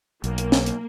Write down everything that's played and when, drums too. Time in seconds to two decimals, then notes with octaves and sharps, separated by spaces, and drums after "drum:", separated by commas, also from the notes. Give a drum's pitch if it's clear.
0.24 B1 A#3, drum: hi-hat
0.38 drum: hi-hat
0.52 drum: snare
0.66 drum: hi-hat